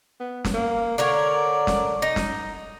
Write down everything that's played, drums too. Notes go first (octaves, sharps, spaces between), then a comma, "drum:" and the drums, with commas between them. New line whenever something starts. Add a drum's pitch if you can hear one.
B3
drum: snare
A#3
D3 A#4 C#5 D5
drum: snare
D#4
drum: snare